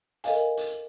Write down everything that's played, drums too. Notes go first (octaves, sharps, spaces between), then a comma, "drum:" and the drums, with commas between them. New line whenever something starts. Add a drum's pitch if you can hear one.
A4 A#4 D#5 F5 G#5, drum: hi-hat
drum: hi-hat